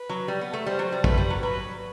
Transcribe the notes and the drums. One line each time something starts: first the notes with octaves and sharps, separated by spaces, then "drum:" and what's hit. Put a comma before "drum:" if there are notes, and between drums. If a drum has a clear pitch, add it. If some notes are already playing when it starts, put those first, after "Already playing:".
Already playing: B4
F#3
G3
B3
A3
G3 C5
F#3
G3
A3 B4, drum: kick
G3
F#3
F#3 B4